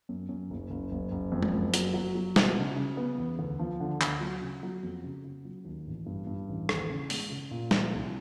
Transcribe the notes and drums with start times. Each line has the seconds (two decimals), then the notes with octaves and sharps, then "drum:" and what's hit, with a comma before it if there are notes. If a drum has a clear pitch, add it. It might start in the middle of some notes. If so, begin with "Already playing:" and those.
0.09 F#2
0.29 F#2
0.50 F#1
0.70 F#1
0.91 F#1
1.11 F#1
1.32 F2
1.43 drum: tom G#3
1.54 F#1
1.74 F#3, drum: hi-hat
1.94 F#3
2.15 F#3
2.36 B2, drum: snare
2.57 C#3
2.76 C#3
2.97 B3
3.18 E2
3.39 D2
3.59 F3
3.80 D3
4.01 D2, drum: clap
4.21 F#3
4.41 C#3
4.63 F#3
4.83 F2
5.04 C#3
5.24 C#3
5.45 F#3
5.65 D#2
5.87 A1
6.06 G2
6.27 G2
6.49 A1
6.69 D#2, drum: rim click
6.90 C#3
7.10 G#3, drum: open hi-hat
7.30 C#3
7.51 A#2
7.71 F3, drum: snare
7.93 C2